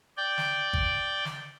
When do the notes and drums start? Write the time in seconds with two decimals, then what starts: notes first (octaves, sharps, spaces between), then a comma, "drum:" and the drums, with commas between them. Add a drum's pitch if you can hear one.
0.17 D5 G5
0.38 drum: snare
0.73 drum: kick G#1
1.25 drum: snare